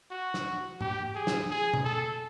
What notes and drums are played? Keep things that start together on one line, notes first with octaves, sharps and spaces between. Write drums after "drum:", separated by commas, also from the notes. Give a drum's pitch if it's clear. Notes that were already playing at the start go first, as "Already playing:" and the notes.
F#4
drum: snare
G4, drum: tom G#2
G#4
drum: snare
G#4
drum: tom
A4